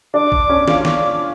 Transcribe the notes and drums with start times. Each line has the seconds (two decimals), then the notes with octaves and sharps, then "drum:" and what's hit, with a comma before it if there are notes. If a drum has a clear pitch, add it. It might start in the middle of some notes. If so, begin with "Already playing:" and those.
0.14 D4 D6
0.32 drum: kick
0.49 C#4
0.68 F4, drum: snare
0.85 D6, drum: snare